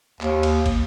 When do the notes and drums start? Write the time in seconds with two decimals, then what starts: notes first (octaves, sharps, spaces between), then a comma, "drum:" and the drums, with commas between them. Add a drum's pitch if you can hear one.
0.21 D#2, drum: clap
0.43 drum: cymbal
0.66 drum: kick, cymbal